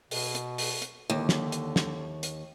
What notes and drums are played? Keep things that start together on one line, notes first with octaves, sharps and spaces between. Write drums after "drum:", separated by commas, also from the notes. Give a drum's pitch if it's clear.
B2, drum: open hi-hat
drum: hi-hat
drum: open hi-hat
drum: hi-hat
D#2 D3
drum: snare
drum: hi-hat
drum: snare
drum: hi-hat